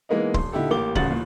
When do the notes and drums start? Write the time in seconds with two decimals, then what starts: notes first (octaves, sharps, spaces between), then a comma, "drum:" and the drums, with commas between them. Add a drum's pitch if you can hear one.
0.09 E3 G#3 A#3 B3 D#4
0.34 D#1 C6, drum: kick C#1
0.52 A#2 D3 D#4 E4 G4 A4
0.70 A1 A#3 G4 D6 G7
0.95 D#1 A1 C#3 F#4 A6 F#7, drum: kick C#1
1.10 A1 D#2 A#2